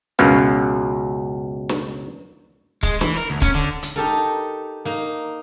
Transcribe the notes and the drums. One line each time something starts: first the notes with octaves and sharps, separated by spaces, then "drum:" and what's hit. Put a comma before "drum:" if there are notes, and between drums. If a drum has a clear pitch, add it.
C#2 F#2 B2 F5, drum: snare
drum: snare
G#3, drum: kick
E3, drum: snare
A#4
D2
C#4, drum: kick
D3
drum: hi-hat
D#4 G4 A4 A#4
A#3 D#4